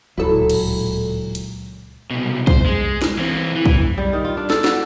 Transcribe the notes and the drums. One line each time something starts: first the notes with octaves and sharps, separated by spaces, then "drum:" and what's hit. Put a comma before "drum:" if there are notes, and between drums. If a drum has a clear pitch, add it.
D1 C#2 A#2 F#3 E4 A4
drum: cymbal
drum: hi-hat
C2 B2
C5, drum: kick
G#3
drum: snare
E3 C4
E3
drum: kick
G3
D#3
F4
D4
A4, drum: snare
F#4, drum: snare